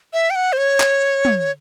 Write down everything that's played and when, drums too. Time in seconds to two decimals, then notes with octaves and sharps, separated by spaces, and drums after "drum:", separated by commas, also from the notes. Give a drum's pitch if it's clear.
0.13 E5
0.30 G5
0.36 F#5
0.53 C5
0.58 C#5
0.80 drum: clap
1.25 drum: tom